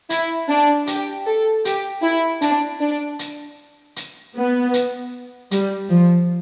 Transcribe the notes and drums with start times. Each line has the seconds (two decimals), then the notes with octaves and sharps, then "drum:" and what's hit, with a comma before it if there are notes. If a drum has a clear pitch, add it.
0.10 E4, drum: hi-hat
0.49 D4
0.87 G4, drum: hi-hat
1.26 A4
1.65 G4, drum: hi-hat
2.03 E4
2.42 D4, drum: hi-hat
2.80 D4
3.19 drum: hi-hat
3.96 drum: hi-hat
4.36 B3
4.74 drum: hi-hat
5.51 G3, drum: hi-hat
5.89 F3